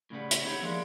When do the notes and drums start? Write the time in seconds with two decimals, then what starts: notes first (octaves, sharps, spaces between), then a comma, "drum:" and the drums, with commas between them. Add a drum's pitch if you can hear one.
0.10 A2 C#3 G3 B3
0.31 drum: hi-hat
0.44 B3 D#4 E4 G4 C#5 F#5
0.62 F3 G#3 A#3 D4